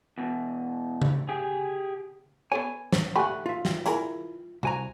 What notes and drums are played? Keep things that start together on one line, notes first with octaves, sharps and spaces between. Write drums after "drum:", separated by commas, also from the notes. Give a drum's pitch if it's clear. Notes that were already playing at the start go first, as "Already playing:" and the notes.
E2 B2
drum: tom C#3
G4 G#4
B3 A4 C#5 G#5
drum: snare
A3 G4 F#5 G#5 B5
F4 E5
drum: snare
E4 G#4 A#4, drum: hi-hat
C2 F#4 G#5 A#5